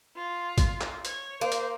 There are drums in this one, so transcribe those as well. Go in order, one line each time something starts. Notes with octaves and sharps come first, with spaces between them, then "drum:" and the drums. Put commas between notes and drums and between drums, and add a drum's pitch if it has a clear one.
F4
drum: kick A1, hi-hat
drum: clap
C#5, drum: hi-hat
A#3 C5
drum: hi-hat